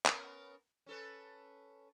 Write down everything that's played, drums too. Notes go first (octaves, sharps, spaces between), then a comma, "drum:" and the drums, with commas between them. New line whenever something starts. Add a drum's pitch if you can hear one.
B3 C#4 A#4, drum: clap
C#4 A4 B4